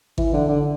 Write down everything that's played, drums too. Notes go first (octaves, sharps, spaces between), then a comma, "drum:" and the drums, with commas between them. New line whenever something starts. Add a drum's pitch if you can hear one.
E3, drum: kick G#1
D3
D3